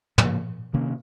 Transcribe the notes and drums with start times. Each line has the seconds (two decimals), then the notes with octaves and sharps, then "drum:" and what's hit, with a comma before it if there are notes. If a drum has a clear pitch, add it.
0.18 C#3 F3 A#3, drum: tom
0.73 C3 D#3 A#3 C#4